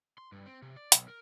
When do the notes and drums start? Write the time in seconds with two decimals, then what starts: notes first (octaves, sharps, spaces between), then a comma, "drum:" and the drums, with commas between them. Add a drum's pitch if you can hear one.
0.18 C6
0.32 G2
0.46 C4
0.62 C3
0.76 D5
0.92 B1, drum: hi-hat
1.08 A#4